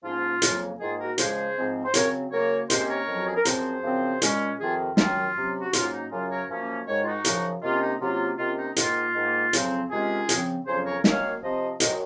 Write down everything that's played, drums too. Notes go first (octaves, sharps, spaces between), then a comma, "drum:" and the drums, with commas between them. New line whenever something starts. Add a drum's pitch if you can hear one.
G#2 F3 A#3 C#4 F4
F2 C#3 F#3 A#3, drum: hi-hat
G#2 D#3 A#3 F4 G#4
F#4 A#4
C#3 F3 G#3 G#4 C5, drum: hi-hat
G#2 F3 G#3 C4
C5
C#3 F#3 C4 A#4 C#5, drum: hi-hat
C#3 F#3 A#3 A#4 C#5
C3 D#3 A#3 C#4 G#4 C5, drum: hi-hat
A#4 C#5
F2 D#3 F#3 C#4
F#4
G#4
A#4
F#2 F3 C4 G#4 C5, drum: hi-hat
F#2 C#3 F3 C4
A#2 G#3 C#4, drum: hi-hat
F2 C3 D#3 F4 G#4
F#2 D#3 F#3 F4, drum: snare
C3 F#3 C#4
F#4
G#2 F#3 A#3 C#4 F4, drum: hi-hat
D#4
F#2 C#3 F#3 C#4 F4
A#4 C#5
F#2 F3 A#3 C#4
G#2 D#3 G#3 A#4 C#5
F4
D#4 F#4
F#2 C#3 F3, drum: hi-hat
C3 D#3 A#3 C#4 F4
D#4
C3 F#3 A#3 C#4 F4
C3 D#3 A#3 C#4 F4
D#4
G#2 D#3 A#3 F4, drum: hi-hat
G#2 D#3 A#3
F2 C#3 F#3 C4, drum: hi-hat
C3 D#3 G#3 C#4 F4 G#4
C#3 F3 C4, drum: hi-hat
F2 C#3 F#3 C#4 G#4 C5
A#4 C#5
F#2 D#3 A#3 C#4 C#5 F5, drum: snare
C3 F3 C4 C5 D#5
F#2 D#3 F#3 C5 D#5, drum: hi-hat